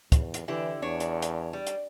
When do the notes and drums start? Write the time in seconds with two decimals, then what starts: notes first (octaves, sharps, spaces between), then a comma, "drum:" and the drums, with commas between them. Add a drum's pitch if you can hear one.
0.12 E2, drum: kick, hi-hat
0.34 drum: hi-hat
0.48 D3 E3 E4 G4
0.82 E2 D4 C#5
1.00 drum: hi-hat
1.22 drum: hi-hat
1.53 G3
1.67 drum: hi-hat